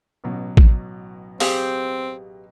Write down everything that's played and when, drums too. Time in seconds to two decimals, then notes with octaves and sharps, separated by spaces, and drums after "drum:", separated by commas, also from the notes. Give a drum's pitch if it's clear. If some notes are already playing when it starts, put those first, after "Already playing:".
0.24 A1 B2 F#3
0.57 drum: kick A1
1.40 C4 G4 G#4 F5, drum: open hi-hat